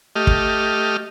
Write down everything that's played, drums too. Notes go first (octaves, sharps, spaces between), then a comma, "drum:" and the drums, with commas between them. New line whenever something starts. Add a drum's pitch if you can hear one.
A3 G4 D#5 F6
drum: kick